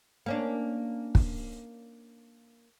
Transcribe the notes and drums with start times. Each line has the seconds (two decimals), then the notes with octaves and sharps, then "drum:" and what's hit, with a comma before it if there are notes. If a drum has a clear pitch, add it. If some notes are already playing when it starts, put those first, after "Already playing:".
0.26 A#3 C#4 D4
1.15 drum: kick